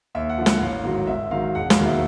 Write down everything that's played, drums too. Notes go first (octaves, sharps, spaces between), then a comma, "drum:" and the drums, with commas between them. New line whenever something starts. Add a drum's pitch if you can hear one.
D#2 E5
F#5
D3 F3
F#5, drum: snare
A1 F5
G#2 D#3 F#3
G#1 E5
G#2 D#3 F#3 F5
E1 F#5
F5, drum: snare
D#2 D#3 F#3
E5